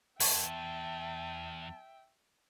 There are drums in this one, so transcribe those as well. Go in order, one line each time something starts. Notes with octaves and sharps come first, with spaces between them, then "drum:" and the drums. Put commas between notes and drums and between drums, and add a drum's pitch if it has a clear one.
E2 E5 G5 A5, drum: open hi-hat